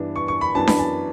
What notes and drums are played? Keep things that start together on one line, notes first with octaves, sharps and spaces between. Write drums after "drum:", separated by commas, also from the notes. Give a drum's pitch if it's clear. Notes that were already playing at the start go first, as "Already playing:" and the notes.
Already playing: G2 E3 B3 D4
C#6
C#6
B5
F#2 E3 B3 D4 A5
B5, drum: snare D4
A5